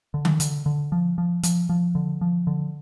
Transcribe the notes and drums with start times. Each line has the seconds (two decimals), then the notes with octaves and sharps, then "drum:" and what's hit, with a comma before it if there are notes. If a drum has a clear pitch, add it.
0.14 D3
0.25 drum: tom D3
0.40 D3, drum: hi-hat
0.66 D3
0.92 F3
1.18 F3
1.43 F3, drum: hi-hat
1.69 F3
1.95 D3
2.21 F3
2.47 D3